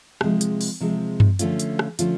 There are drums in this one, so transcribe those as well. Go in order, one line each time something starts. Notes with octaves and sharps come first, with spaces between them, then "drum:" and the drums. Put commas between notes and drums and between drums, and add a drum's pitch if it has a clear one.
C3 F3 G#3, drum: rim click
drum: hi-hat
drum: open hi-hat
C3 F3 G#3
drum: tom G2
D3 F3 A3 C#4 F4, drum: hi-hat
drum: hi-hat
drum: rim click
D3 F3 A3 C#4 F4, drum: hi-hat